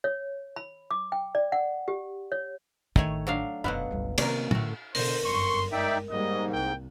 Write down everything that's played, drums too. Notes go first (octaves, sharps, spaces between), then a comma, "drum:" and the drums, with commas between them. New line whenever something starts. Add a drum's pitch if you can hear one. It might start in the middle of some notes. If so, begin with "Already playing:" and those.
C#5
B5
D6
G5
D5
F#5
G4
C#5
A1 D#3 A3 C#5 G#5, drum: kick
F#3 D4 F5
F1 F#2 B2 F#3 B3 F5 F#5 B5
G1 C#2 G3
C3 D#3 A#3 C#4 A#4 D5, drum: cymbal
A2 D3 A3 F#4, drum: tom
B2 D3 A#4 C5, drum: open hi-hat
G1 F#2 C6 C#6
G#3 D#4 D5 E5 G5
G#2 G3 A#3 D#5
C2 G5